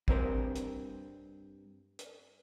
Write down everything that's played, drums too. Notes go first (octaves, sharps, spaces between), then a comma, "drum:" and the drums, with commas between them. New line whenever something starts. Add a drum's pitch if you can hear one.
G2 C4 A#4 C5, drum: kick
drum: hi-hat
drum: hi-hat